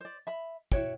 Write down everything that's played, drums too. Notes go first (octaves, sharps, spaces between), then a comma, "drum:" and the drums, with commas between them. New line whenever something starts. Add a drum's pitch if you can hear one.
C5 D5
E5 B5
E4 F#4 C#5 G5, drum: kick